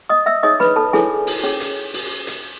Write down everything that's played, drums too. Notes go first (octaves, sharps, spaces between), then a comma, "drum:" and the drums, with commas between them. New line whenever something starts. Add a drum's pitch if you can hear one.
D#5 D#6
E5 E6
D#4 G#4 C#5 D#5 D#6
B4 B5, drum: snare
A4 A5
E4 G#4 A4 C#5 G#5, drum: snare
drum: open hi-hat
C#4 G#4 C#5
drum: hi-hat
drum: open hi-hat
drum: hi-hat